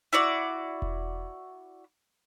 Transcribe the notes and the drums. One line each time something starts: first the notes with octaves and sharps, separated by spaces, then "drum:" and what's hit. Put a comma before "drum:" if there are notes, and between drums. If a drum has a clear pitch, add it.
E4 F#4 D5
drum: kick E1